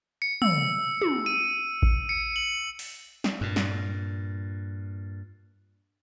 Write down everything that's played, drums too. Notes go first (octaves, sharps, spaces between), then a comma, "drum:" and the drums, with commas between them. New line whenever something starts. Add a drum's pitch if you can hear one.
C#7
E6, drum: tom
drum: tom
D#7
drum: kick A1
C#7
F#7
drum: open hi-hat
drum: snare
G2 A#2
drum: snare